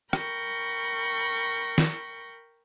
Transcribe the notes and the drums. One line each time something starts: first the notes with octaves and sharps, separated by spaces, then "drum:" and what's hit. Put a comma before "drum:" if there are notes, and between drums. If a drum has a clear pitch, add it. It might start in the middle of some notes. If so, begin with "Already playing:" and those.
A#4 G5 B5 C#6, drum: rim click
drum: snare